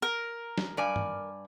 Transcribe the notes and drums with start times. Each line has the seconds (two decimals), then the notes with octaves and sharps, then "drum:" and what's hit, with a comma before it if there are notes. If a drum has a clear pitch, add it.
0.02 A#4
0.58 drum: snare
0.77 G2 D5 G#5
0.96 drum: tom